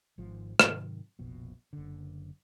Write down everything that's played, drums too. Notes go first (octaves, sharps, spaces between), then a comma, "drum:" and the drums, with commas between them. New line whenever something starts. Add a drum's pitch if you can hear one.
G#1 G#2 F3
G#2 C3 D#3 F#3, drum: rim click
F1 A#1 B2
F#1 D3